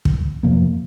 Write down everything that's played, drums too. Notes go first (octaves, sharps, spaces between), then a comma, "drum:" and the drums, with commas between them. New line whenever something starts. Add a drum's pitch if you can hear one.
drum: kick
F2 C3 F3 A#3